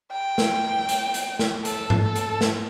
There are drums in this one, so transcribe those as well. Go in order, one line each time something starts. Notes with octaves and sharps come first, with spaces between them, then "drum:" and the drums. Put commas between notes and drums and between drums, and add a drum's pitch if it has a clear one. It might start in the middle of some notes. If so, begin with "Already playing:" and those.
G5
drum: snare
drum: hi-hat
drum: hi-hat
drum: snare
A4, drum: hi-hat
drum: tom G#2
A4
drum: hi-hat
drum: snare